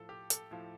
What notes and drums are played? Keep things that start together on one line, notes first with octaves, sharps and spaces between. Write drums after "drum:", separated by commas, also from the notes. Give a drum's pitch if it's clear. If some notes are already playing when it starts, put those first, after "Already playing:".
Already playing: A2 F3 A4
G4
A4, drum: hi-hat
A2 F3